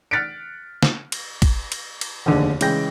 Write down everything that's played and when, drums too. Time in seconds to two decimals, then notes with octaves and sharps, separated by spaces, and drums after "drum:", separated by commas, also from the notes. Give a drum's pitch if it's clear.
0.11 F6 F#6 A6 B6 C#7 D7
0.83 drum: snare
1.12 drum: cymbal
1.42 drum: kick, cymbal
1.72 drum: cymbal
2.01 drum: cymbal
2.26 F1 D#2 D3 G#4
2.61 C#3 E3 G#3 G5 G6 A#6, drum: cymbal